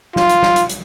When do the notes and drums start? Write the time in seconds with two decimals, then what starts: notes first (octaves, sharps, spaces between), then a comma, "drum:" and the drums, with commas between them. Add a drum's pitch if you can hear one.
0.16 F4, drum: snare
0.29 drum: hi-hat
0.42 drum: snare
0.56 drum: hi-hat
0.69 drum: hi-hat